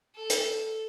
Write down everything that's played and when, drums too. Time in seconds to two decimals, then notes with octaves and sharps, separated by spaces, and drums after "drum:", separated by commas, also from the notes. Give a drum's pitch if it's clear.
0.15 A4
0.30 drum: hi-hat